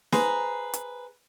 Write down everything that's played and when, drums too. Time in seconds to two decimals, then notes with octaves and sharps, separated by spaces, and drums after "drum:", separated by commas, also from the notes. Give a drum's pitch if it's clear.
0.12 G#4 B4 C5 A#5, drum: snare
0.74 drum: hi-hat